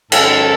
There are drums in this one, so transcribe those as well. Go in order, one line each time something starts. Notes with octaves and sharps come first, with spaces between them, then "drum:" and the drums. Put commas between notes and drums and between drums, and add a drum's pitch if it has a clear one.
G#2 D#3 F#3 C#4 A4, drum: cymbal